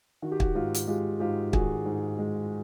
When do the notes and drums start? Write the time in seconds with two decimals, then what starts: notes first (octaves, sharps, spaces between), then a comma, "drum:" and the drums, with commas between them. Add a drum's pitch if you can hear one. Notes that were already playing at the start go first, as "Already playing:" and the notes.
0.22 D#3 F#4
0.32 G4
0.40 F#4, drum: kick
0.55 G#2 F4 G4
0.74 drum: hi-hat
0.87 G#3 F4 G4
1.20 G#2 F4 G4
1.53 D#3 F#4 G#4, drum: kick
1.86 G#2
2.19 G#3